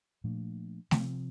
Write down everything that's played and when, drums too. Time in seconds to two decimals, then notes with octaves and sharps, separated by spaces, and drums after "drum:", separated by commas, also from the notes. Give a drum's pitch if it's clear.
0.24 A#2 F3 A3 D4
0.91 C3 F3 C4, drum: snare A3